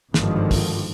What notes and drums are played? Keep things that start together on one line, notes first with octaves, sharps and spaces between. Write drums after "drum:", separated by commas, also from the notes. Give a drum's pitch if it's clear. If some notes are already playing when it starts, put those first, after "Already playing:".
G#1 G2 D3 D#3 F3, drum: snare
drum: kick, open hi-hat